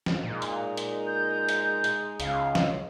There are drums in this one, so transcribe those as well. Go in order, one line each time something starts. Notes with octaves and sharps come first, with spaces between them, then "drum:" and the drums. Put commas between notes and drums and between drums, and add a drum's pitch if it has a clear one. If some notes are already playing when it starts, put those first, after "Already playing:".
drum: snare
A#2 G#3 D#4
drum: hi-hat
drum: hi-hat
G6
drum: hi-hat
drum: hi-hat
C#2 F5, drum: hi-hat
drum: snare